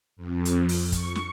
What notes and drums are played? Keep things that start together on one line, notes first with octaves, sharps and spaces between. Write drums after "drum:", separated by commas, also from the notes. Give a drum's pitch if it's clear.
F2
drum: hi-hat
drum: open hi-hat
C#6, drum: kick, hi-hat
drum: snare